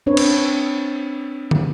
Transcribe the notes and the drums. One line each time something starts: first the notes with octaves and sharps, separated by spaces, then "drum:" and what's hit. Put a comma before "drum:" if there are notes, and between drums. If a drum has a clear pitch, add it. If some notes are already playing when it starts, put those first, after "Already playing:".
C4 D4 B4 C#5
drum: cymbal
drum: tom